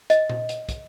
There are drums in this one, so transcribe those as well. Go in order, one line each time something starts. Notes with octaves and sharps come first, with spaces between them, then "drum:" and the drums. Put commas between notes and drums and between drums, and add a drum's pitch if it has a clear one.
D#5, drum: hi-hat
drum: tom A#2
drum: hi-hat
drum: kick, hi-hat